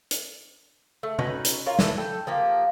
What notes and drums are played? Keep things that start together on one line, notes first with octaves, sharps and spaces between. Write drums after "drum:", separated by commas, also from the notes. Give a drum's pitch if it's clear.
drum: hi-hat
A3
C#4 D#4 F#4 B4, drum: tom
drum: hi-hat
F4 A#4 C#5
D3 E3 A3 E4, drum: snare
A4 G5
F3 A#3 G4